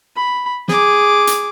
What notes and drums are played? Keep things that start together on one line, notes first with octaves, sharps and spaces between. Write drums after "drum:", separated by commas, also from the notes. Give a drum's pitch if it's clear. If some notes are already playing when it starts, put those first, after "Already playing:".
B5
G#4 D6, drum: snare
drum: hi-hat